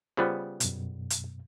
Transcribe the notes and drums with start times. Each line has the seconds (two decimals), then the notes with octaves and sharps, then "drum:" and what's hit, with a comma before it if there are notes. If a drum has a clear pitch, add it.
0.17 C#3 G3 B3 F4 C5
0.60 F#2 B2, drum: hi-hat
1.10 drum: hi-hat